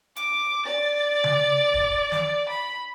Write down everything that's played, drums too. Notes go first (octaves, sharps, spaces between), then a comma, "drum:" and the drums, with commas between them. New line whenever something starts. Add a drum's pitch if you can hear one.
D6, drum: hi-hat
D5 A6
drum: tom C#3
drum: kick
drum: snare
B5